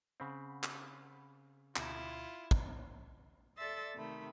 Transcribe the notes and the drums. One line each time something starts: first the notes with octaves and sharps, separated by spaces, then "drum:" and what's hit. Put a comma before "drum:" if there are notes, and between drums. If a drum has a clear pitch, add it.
C#3 C4 F#5 B5
drum: clap
D2 B2 E4 F4 G#6, drum: clap
drum: kick
A4 D5 E5 C6 A6
C3 D#3 A3 B5